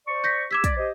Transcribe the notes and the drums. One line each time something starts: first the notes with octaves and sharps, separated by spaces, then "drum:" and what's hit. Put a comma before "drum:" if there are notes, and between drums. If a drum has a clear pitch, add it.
C5 D5 C#6
G6 A#6 B6
G4 D6 E6 G#6 B6
D5, drum: kick, hi-hat
G4 C5 D#5